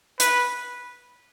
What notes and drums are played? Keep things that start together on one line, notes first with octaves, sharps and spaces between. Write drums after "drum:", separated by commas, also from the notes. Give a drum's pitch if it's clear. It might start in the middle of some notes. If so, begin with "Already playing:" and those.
B4, drum: hi-hat